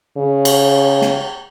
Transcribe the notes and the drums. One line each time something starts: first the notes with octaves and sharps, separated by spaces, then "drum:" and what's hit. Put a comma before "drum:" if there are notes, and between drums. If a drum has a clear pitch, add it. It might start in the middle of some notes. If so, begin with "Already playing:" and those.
C#3
drum: cymbal
drum: snare